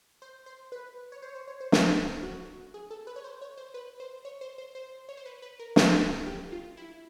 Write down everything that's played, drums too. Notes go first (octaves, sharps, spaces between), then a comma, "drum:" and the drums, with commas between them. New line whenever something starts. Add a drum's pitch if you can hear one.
C5
C5
B4
C#5
C5
C#5
C5
C#5
C5
C5, drum: snare
F#4
G#4
A4
B4
C#5
C5
C#5
C5
B4
C5
C#5
C5
C5
C5
C#5
C5
B4
B4
A#4
G#4, drum: snare
G4
F4
E4